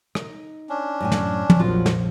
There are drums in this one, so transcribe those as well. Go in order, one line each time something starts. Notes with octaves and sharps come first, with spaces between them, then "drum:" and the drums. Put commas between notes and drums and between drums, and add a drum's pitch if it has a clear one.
D#4, drum: rim click
C#4 D4
F#2 A2 G#5
drum: snare
drum: tom
A#1 F2 F3 F#3 F4 F#4
drum: snare